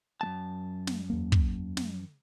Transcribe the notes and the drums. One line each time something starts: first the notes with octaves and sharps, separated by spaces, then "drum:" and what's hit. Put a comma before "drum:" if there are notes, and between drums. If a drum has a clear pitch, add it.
F#2 G#3 A5
drum: snare
E2 A#3
drum: kick
drum: snare